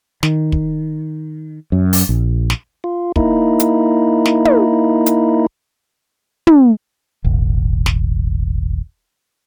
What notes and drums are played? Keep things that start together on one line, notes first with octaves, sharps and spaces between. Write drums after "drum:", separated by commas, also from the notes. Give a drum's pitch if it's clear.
D#3, drum: snare
drum: kick
F#2
drum: open hi-hat
A#1
drum: snare
F4
A#3 D#4 E4, drum: kick
drum: hi-hat
drum: snare
drum: tom
drum: hi-hat
drum: tom
D#1 G#1
drum: snare